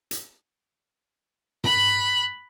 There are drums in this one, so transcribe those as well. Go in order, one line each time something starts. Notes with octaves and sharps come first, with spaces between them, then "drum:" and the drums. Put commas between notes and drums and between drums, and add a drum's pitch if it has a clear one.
drum: hi-hat
B5 F#6, drum: tom